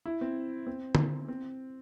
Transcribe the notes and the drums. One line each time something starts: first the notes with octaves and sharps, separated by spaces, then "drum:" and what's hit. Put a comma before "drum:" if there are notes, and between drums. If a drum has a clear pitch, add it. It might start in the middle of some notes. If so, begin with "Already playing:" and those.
E4
C4
C4
drum: tom D3
C4